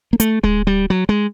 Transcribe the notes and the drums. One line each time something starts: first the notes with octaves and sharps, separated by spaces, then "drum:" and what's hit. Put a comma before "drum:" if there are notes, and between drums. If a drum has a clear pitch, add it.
A#3
A3, drum: hi-hat
G#3, drum: kick D1
G3
F#3
G#3